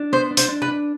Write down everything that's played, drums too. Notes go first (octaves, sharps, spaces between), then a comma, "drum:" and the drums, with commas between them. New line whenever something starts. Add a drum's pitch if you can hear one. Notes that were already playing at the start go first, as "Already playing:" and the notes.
Already playing: D4
B3 C5
D4
C5, drum: hi-hat
D4
B4
D4